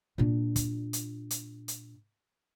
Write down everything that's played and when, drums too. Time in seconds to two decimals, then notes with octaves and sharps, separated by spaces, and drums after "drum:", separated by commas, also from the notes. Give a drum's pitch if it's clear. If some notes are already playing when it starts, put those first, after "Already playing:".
0.18 A#2 D4
0.56 drum: kick, hi-hat
0.93 drum: hi-hat
1.30 drum: hi-hat
1.68 drum: hi-hat